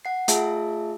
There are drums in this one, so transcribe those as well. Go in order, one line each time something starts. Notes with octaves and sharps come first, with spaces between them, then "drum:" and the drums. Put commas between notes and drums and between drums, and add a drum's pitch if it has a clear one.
F#5 C7
A3 F4 G#4 E5 A5, drum: hi-hat